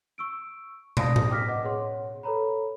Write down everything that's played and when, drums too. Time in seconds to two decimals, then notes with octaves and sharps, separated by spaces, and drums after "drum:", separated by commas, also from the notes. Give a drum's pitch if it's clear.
0.18 C#6 E6 D7
0.97 D5 F5 A5 D#6 A#6, drum: tom
1.16 drum: tom A2
1.30 G5 D6 F6 A#6 B6
1.48 B4 D#5 F#5 D6
1.64 G#4 C#5 F#5 C6
2.23 A4 B4 C#5 A#5 B5